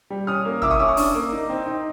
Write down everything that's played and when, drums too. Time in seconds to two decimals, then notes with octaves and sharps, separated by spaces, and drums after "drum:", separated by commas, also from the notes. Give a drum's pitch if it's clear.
0.10 G3
0.27 C#4 D#6 F6
0.45 A#3
0.62 E4 D6 E6, drum: tom
0.71 C#6 D#6
0.79 C#4 D6 E6
0.88 C#6 D#6
0.97 D4 D6 E6, drum: open hi-hat
1.15 A#3
1.32 D#4
1.49 C4
1.66 D#4